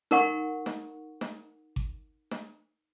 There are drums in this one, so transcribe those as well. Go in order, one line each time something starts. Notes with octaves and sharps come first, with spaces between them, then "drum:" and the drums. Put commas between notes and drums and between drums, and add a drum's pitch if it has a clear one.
D#4 A#4 F#5 C#6, drum: snare
drum: snare
drum: snare
drum: kick G#1
drum: snare